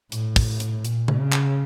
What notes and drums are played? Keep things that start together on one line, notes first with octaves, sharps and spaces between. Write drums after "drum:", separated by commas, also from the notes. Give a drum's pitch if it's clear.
A2, drum: hi-hat
drum: kick, open hi-hat
drum: hi-hat
A#2, drum: hi-hat
drum: tom C#3
C#3
drum: clap